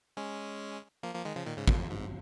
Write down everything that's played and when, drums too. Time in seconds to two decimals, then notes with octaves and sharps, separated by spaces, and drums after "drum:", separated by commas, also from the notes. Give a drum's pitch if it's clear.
0.17 G#3 C#4
1.03 F3 A#3
1.14 F3 A#3
1.25 D#3 G#3
1.36 C#3 F3
1.46 A#2 D#3
1.57 G#2 C#3
1.68 F2 A#2, drum: kick
1.79 F2
1.89 G#2